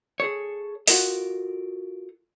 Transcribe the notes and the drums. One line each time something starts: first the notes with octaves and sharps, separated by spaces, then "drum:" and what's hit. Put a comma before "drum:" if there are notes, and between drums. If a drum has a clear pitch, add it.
G#4 A4 C#5
F4 F#4 A4 A#4 D#5, drum: open hi-hat